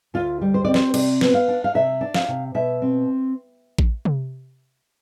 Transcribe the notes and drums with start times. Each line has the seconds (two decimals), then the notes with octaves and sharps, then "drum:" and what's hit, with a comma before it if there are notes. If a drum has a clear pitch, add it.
0.14 D2 F4
0.41 G3
0.54 C5
0.65 C4 D5
0.74 C5, drum: snare
0.94 C3 D5, drum: cymbal
1.21 B3, drum: snare
1.34 F5
1.48 D4
1.64 F5
1.74 C3 E5
2.01 D4
2.14 F5, drum: snare
2.28 C3
2.54 B2 E5
2.82 C4
3.78 drum: kick A1
4.05 drum: tom C3